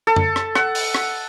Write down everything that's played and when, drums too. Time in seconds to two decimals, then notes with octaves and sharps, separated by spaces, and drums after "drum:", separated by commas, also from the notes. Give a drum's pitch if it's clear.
0.07 A4
0.16 drum: tom F#2
0.36 drum: rim click
0.55 F#5, drum: rim click
0.75 drum: open hi-hat
0.94 drum: rim click